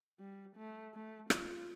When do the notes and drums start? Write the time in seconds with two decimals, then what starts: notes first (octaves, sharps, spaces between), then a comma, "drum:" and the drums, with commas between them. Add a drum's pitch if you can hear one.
0.19 G3
0.56 A3
0.94 A3
1.30 F4, drum: rim click